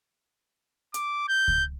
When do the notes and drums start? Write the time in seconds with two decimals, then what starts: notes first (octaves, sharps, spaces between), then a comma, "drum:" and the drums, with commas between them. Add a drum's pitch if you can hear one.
0.94 D6, drum: hi-hat
1.29 G6
1.48 drum: kick C#2